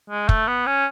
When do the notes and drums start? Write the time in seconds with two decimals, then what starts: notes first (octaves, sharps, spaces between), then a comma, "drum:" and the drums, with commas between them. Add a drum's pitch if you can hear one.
0.10 G#3
0.29 A3, drum: kick
0.48 B3
0.67 C#4